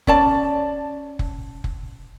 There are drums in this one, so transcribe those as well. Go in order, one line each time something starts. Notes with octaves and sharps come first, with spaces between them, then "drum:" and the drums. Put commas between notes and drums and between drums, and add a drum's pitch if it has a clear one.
C#4 D5 A5, drum: kick F1
drum: kick F1
drum: kick F1